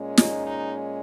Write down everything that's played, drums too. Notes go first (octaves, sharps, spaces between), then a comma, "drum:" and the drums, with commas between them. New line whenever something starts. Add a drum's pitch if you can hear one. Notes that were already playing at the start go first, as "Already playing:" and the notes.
Already playing: A#2 G#3 C#4
D#4, drum: snare
D#4